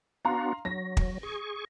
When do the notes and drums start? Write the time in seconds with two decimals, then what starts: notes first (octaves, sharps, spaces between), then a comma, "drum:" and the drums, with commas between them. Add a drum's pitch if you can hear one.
0.25 B3 D4 F#4 F5 A#5 C6
0.65 F#3 A#6
0.97 drum: kick
1.23 G#4 C#6